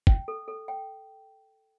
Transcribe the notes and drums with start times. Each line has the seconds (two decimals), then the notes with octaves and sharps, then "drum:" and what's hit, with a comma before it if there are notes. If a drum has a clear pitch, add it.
0.07 G5, drum: kick
0.28 A4
0.48 A4
0.68 G5